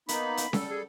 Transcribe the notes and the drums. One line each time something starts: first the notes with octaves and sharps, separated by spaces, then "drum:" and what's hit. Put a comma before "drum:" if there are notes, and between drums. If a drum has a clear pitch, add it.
A#3 B3 D#4 B5, drum: hi-hat
drum: hi-hat
G3 A4, drum: snare C#4
G#4